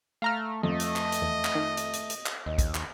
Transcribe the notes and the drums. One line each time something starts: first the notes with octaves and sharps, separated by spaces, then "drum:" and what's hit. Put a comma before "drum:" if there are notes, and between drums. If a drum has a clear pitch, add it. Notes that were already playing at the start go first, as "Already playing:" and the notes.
A3 F5 A#5 F6
F2 A3 D#5
drum: hi-hat
drum: clap
drum: hi-hat
E2
drum: clap
D#3
drum: hi-hat
drum: hi-hat
drum: hi-hat
drum: clap
D#2 D#5
drum: kick, hi-hat
drum: clap